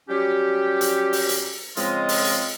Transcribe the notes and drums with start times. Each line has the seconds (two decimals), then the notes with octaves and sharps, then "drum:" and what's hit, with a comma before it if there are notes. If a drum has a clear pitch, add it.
0.09 F#3 G3 C#4 G4
0.81 drum: hi-hat
1.13 drum: open hi-hat
1.29 drum: hi-hat
1.77 C#3 F3 G#3 C4 F4 D#5, drum: hi-hat
2.09 drum: open hi-hat
2.25 drum: hi-hat